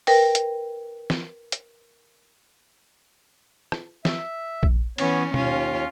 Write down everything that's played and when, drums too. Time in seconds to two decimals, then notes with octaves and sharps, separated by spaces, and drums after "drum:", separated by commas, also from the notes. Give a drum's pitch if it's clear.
0.07 A#4 B4 G5, drum: open hi-hat
0.35 drum: hi-hat
1.10 drum: snare
1.52 drum: hi-hat
3.72 drum: rim click
4.05 E5, drum: snare
4.63 drum: kick A#1
4.98 E3 B3 C#4 C#5, drum: cymbal
5.34 D#2 C#4 F4, drum: tom B2